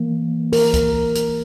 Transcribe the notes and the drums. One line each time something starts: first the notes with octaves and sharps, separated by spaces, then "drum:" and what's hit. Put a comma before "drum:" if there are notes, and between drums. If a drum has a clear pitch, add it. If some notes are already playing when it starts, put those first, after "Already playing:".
Already playing: E3 A#3
A#4, drum: open hi-hat
drum: kick, hi-hat
drum: hi-hat